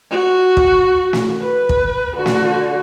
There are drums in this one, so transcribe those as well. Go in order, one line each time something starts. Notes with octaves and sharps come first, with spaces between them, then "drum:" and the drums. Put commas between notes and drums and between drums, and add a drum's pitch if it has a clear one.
F#4
drum: kick
drum: snare
B4
drum: kick
D3 F#4
drum: snare